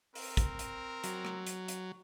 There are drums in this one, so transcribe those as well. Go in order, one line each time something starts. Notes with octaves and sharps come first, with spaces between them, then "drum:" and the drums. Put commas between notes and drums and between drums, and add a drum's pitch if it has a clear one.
C4 A#4, drum: open hi-hat
drum: kick, hi-hat
drum: hi-hat
F#3, drum: hi-hat
drum: rim click
drum: hi-hat
drum: hi-hat